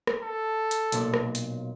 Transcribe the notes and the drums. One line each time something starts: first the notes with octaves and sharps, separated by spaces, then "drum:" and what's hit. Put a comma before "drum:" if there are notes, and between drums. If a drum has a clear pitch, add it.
drum: rim click
A4
drum: hi-hat
B1 A#2, drum: hi-hat
drum: rim click
drum: hi-hat